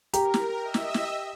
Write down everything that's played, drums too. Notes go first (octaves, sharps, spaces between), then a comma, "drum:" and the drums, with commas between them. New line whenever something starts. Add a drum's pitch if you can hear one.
G4 A#4 A#5, drum: hi-hat
drum: snare
D#5 E5 E6
drum: snare
drum: snare